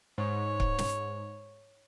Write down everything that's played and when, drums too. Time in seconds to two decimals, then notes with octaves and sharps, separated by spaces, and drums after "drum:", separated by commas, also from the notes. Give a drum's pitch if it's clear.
0.18 G#2 C#5
0.60 drum: kick C#1
0.78 drum: snare